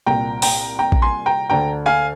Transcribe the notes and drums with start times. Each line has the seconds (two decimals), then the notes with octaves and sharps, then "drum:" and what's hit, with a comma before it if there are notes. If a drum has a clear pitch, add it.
0.06 C2 A#2 G5 A#5
0.42 G5 A#5, drum: open hi-hat
0.79 G5 A#5
0.92 drum: kick A1
1.02 G#5 C6
1.26 G5 A#5
1.50 D2 D3 G5 A#5
1.86 F5 G#5